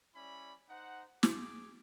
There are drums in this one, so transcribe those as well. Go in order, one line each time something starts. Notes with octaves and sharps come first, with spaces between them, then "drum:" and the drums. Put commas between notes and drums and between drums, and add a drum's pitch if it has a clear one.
G3 C#4 E4 D5 B5
D#4 C5 F#5
G#4 D6, drum: snare